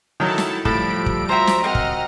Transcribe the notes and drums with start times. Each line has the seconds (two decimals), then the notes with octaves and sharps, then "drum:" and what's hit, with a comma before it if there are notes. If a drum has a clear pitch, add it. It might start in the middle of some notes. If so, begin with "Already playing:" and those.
0.20 D#3 F#3 E4 A4 A5
0.38 drum: snare
0.65 A2 F3 G3 A4 B5 D7, drum: kick
1.06 drum: kick
1.29 F#4 C5 E5 A#5
1.47 drum: snare
1.64 C4 F#4 A#4 D#5 F#5 F6
1.75 drum: kick